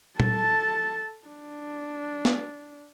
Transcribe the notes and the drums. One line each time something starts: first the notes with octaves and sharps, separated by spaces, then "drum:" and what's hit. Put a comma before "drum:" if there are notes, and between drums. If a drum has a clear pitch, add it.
A4 A5, drum: tom
D4
drum: snare